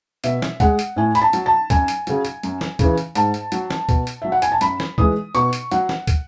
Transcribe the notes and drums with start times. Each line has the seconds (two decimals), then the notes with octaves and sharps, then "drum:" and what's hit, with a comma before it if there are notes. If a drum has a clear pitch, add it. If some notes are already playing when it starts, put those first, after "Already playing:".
0.24 B2 E5, drum: hi-hat
0.42 drum: snare
0.60 G#3 F#5, drum: kick, hi-hat
0.79 drum: hi-hat
0.96 A2 G#5
1.15 B5, drum: hi-hat
1.22 A5
1.33 F#3, drum: hi-hat
1.46 A5
1.70 F#2 G#5, drum: kick, hi-hat
1.88 drum: hi-hat
2.07 C#3 F#3, drum: hi-hat
2.25 drum: hi-hat
2.43 F#2, drum: hi-hat
2.61 drum: snare
2.79 C#3 E3, drum: kick, hi-hat
2.98 drum: hi-hat
3.15 G#2 A5, drum: hi-hat
3.34 drum: hi-hat
3.52 F#3, drum: hi-hat
3.70 drum: snare
3.89 B2, drum: kick, hi-hat
4.07 drum: hi-hat
4.22 F#3 E5
4.32 F#5
4.42 G#5, drum: hi-hat
4.52 A5
4.61 F#2 B5, drum: hi-hat
4.80 drum: snare
4.98 E3 G#3 D#6, drum: kick
5.35 B2 C#6, drum: hi-hat
5.53 drum: hi-hat
5.71 F#3 F#5, drum: hi-hat
5.89 drum: snare
6.07 drum: kick, hi-hat